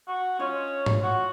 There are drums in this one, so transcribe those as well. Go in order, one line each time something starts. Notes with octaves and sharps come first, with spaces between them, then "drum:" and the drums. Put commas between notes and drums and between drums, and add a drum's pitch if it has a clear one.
F#4
C#4 F4 C#5 D#5
drum: tom G#2
F#4